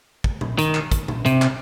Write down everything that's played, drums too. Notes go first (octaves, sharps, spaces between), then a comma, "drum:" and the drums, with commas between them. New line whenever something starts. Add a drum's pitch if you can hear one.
drum: kick
drum: tom A#2
D#3, drum: hi-hat
drum: clap
drum: kick, hi-hat
drum: tom A#2
C3, drum: hi-hat
drum: clap